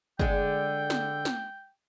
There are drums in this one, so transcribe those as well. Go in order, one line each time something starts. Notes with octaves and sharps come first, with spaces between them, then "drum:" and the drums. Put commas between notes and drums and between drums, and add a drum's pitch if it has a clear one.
D3 G#3 G5, drum: kick
drum: snare
drum: snare